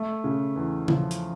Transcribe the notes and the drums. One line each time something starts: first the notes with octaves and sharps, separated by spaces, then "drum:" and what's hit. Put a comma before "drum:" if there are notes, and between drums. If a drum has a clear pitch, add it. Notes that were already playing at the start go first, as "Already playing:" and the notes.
Already playing: A3
C#3
E2
F3, drum: tom C#3
drum: hi-hat